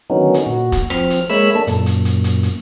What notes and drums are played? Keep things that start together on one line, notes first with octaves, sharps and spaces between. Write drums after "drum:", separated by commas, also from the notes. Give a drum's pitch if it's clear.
D3 D#3 F#3 B3 C#4 D#4
drum: hi-hat
A#2 F#4
drum: kick E1, hi-hat
F3 C4 F6, drum: rim click
drum: hi-hat
G#3 A#3 C#5 E5 B5 E6, drum: open hi-hat
A#3 D4 A4
F#2 A#2, drum: hi-hat
drum: hi-hat
drum: hi-hat
drum: hi-hat
drum: hi-hat